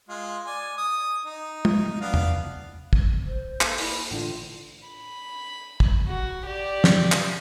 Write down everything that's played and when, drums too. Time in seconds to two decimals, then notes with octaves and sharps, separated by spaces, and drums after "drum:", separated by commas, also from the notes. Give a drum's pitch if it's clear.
0.09 G#3 F4
0.46 D5 G#5
0.78 D#6
1.25 D#4
1.65 drum: tom
2.01 B3 D4 F5
2.14 drum: tom
2.93 drum: kick
3.27 C5
3.61 A#3 A4, drum: clap
3.78 E4, drum: open hi-hat
4.11 A1 D3 F4
4.88 B5
5.80 drum: kick
6.07 F#4
6.46 G4 D5
6.84 drum: snare
7.12 drum: clap